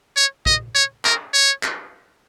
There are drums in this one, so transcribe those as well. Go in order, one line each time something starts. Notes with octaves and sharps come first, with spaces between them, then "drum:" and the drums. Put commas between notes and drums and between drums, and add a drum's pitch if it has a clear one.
C#5
D#5, drum: kick
C#5
A#4, drum: clap
C#5
drum: clap